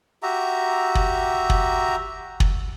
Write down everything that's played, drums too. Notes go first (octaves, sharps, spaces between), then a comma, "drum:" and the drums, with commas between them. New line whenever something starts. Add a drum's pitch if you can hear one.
F#4 G4 E5 A#5
drum: kick
drum: kick
drum: kick